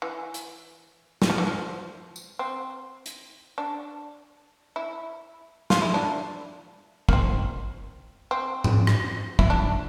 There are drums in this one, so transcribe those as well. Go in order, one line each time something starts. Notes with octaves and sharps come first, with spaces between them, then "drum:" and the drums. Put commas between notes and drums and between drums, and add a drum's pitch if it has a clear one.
E3
drum: hi-hat
G3, drum: snare
F3
E3
F3
drum: tambourine
C4
drum: hi-hat
D4
E4
F4, drum: snare
E4
D4
A#3, drum: kick
C4
C4
drum: tom G#2
drum: rim click
E4, drum: kick
D4